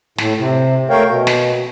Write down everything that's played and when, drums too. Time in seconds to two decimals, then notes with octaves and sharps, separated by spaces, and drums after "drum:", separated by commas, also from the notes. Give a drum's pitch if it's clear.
0.18 A2, drum: snare
0.38 C3
0.90 A3 A#4 C#5 F5 G5
1.06 B2
1.27 drum: snare